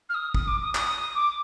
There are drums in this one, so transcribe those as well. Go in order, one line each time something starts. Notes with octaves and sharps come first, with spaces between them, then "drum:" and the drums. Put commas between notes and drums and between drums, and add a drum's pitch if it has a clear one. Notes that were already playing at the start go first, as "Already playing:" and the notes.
F6
D#6
D#6, drum: kick
D6
D#6
D#6, drum: clap
D#6
D#6
D6